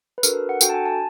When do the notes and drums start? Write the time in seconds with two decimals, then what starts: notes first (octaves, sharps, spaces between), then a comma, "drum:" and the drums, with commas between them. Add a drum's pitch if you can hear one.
0.18 B4
0.23 D4 F#4 A4 A#4, drum: tambourine
0.49 F#5
0.61 D4 F#4 A4 G5, drum: tambourine
0.69 A5
0.74 G#5
0.86 A5